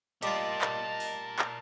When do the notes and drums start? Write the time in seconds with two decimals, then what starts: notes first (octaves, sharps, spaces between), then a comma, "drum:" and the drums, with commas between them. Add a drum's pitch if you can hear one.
0.23 G3 F4 A#4 D5 D#5 A5, drum: hi-hat
0.61 drum: clap
1.00 drum: open hi-hat
1.39 drum: clap